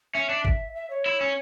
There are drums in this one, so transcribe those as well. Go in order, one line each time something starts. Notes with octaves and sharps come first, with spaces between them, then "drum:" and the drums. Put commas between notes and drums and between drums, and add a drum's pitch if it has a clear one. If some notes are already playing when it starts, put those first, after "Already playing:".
C#4 E5
D4
drum: kick G#1
E5
C#5
E4
C#4